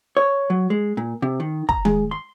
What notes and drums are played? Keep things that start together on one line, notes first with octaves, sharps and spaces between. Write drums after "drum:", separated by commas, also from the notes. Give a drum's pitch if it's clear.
C#5
F#3
G#3
A#2
C3
D#3
A#5, drum: kick
G#3, drum: tom D#3
C6